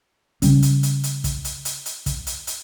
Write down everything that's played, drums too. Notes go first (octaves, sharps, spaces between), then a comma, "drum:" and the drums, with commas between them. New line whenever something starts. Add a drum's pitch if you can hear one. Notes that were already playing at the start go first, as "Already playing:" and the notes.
C#3 G3 C#4, drum: kick, hi-hat
drum: hi-hat
drum: hi-hat
drum: hi-hat
drum: kick, hi-hat
drum: hi-hat
drum: hi-hat
drum: hi-hat
drum: kick, hi-hat
drum: hi-hat
drum: hi-hat